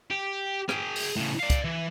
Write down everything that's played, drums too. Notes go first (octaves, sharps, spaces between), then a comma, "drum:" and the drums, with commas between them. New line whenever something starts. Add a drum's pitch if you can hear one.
G4
G#4 G5, drum: rim click
drum: open hi-hat
A2 C#3
D5 F5
drum: kick, hi-hat
E3